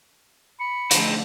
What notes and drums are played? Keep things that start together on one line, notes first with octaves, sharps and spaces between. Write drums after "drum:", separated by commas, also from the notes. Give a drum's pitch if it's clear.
B5 C#7
D3 F3 A3 C4 D#4, drum: hi-hat